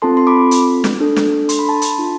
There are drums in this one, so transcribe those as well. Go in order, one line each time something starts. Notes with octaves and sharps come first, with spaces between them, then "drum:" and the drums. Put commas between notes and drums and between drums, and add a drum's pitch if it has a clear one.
C4 F4 A4 A5 C6
C6
B5 D6
drum: hi-hat
drum: snare
D4 A4
drum: snare
C6, drum: hi-hat
B5
A5 C6
drum: hi-hat
D4 F4 A4